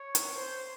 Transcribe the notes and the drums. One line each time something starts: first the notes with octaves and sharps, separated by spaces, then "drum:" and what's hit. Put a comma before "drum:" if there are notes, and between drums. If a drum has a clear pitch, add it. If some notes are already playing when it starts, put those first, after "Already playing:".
Already playing: C#5
drum: hi-hat
C5